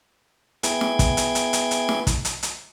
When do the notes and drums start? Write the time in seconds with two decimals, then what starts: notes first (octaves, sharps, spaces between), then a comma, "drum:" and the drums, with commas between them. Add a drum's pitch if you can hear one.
0.63 B3 E4 G#4 G5 G#6, drum: hi-hat
0.81 drum: snare
0.99 drum: kick, hi-hat
1.17 drum: hi-hat
1.35 drum: hi-hat
1.53 drum: hi-hat
1.71 drum: hi-hat
1.89 drum: snare
2.07 drum: kick, hi-hat
2.25 drum: hi-hat
2.43 drum: hi-hat